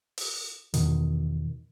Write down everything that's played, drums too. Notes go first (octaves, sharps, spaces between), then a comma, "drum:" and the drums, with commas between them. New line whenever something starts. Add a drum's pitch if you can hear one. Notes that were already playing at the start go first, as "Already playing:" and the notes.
drum: open hi-hat
E2 B2 D#3, drum: hi-hat